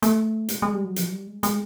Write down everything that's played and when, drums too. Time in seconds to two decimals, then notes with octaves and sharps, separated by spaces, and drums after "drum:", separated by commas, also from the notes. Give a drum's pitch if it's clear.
0.02 A3, drum: hi-hat
0.49 G#3, drum: hi-hat
0.62 G#3
0.74 G3
0.84 F#3
0.96 F3, drum: hi-hat
1.03 F#3
1.12 G3
1.27 G#3
1.43 G#3, drum: hi-hat